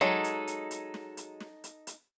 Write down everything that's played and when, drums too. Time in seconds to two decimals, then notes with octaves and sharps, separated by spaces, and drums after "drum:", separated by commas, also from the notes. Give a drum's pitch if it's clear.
0.01 F#3 G#3 D#4 A4
0.24 drum: hi-hat
0.47 drum: hi-hat
0.71 drum: hi-hat
0.94 drum: snare
1.17 drum: hi-hat
1.40 drum: snare
1.64 drum: hi-hat
1.87 drum: hi-hat